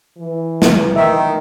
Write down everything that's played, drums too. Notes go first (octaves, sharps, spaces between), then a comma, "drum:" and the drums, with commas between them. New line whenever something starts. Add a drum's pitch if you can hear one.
E3
drum: snare
D#3 E5